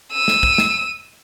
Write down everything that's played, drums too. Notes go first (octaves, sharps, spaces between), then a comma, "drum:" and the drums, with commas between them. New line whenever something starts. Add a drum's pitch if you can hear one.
E6 D#7
drum: snare
drum: kick
drum: snare